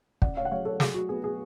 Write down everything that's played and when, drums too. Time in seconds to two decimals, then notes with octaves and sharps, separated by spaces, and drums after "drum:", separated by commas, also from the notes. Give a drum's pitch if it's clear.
0.22 C#3 D5 F#5, drum: kick
0.37 C#5 F5
0.45 F#5
0.51 F#3 C#5 F5
0.65 A4 C#5
0.80 F#3 G#4, drum: snare
0.94 F#4
1.09 B3 G#4
1.24 G#4